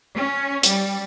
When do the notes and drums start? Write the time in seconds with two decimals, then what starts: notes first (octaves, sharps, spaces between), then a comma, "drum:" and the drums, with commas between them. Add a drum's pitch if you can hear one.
0.14 C#4
0.63 G3, drum: hi-hat